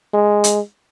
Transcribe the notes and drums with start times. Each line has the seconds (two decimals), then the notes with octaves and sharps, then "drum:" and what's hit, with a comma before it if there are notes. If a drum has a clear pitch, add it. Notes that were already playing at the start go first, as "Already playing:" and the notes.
0.14 G#3
0.44 drum: hi-hat